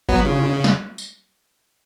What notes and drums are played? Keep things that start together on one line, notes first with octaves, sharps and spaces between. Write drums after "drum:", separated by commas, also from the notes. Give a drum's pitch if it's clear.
F#3 B3, drum: kick G1
C#3, drum: tom
drum: tom
drum: snare
drum: tambourine